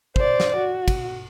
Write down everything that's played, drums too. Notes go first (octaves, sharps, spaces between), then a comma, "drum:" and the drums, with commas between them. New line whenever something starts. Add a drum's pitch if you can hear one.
C5 D5, drum: kick
drum: snare
F#4
drum: kick, cymbal